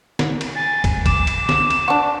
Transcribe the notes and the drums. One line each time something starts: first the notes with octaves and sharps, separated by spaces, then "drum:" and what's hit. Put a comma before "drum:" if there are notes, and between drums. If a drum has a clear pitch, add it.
drum: snare
drum: cymbal
G#5 A6
drum: kick, cymbal
D6 E7, drum: kick, cymbal
drum: cymbal
drum: snare
drum: cymbal
D4 F#4